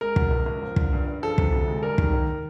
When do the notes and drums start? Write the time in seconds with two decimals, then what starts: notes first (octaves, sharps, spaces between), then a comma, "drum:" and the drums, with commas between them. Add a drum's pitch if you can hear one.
0.01 G#3 A#4
0.16 B2, drum: kick
0.31 C#2
0.46 C#2
0.62 F3
0.76 D3, drum: kick
0.93 G2
1.07 G2
1.22 F3 A4
1.38 C3, drum: kick
1.53 D2
1.68 G#3
1.83 G3 A#4
1.98 D#3, drum: kick
2.13 D#2